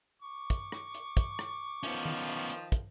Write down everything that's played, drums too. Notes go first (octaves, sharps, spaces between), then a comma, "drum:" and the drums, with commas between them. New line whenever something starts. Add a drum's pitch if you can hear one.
C#6 D6
drum: kick, hi-hat
drum: rim click
drum: hi-hat
drum: kick, hi-hat
drum: rim click
D#3 F3 B3 C#4, drum: hi-hat
drum: tom D#3
drum: hi-hat
drum: hi-hat
drum: kick, hi-hat